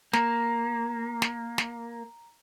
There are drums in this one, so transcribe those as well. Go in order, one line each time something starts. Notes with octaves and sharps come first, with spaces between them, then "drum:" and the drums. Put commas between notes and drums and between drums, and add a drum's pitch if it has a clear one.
A#3 A#5, drum: snare
drum: snare
drum: snare